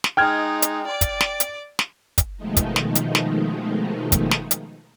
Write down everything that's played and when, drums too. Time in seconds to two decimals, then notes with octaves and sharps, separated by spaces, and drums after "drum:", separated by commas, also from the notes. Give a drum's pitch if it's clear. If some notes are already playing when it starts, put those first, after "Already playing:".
0.04 drum: snare
0.17 G#3 D#4 G5 F6 G#6
0.62 drum: hi-hat
0.87 D5 D6
1.01 drum: kick, hi-hat
1.21 drum: snare
1.40 drum: hi-hat
1.79 drum: snare
2.18 drum: kick, hi-hat
2.37 B2 D#3 F3 G#3 A3 D#4
2.57 drum: kick, hi-hat
2.76 drum: snare
2.95 drum: hi-hat
3.15 drum: snare
4.12 drum: kick, hi-hat
4.31 drum: snare
4.51 drum: hi-hat